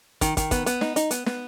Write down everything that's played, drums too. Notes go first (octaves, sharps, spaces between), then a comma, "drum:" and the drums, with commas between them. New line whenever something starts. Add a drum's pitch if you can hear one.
D#3, drum: kick, hi-hat
D#3, drum: kick, hi-hat
B3, drum: kick, hi-hat
B3, drum: hi-hat
D#4, drum: snare
D#4, drum: hi-hat
B3, drum: hi-hat
B3, drum: snare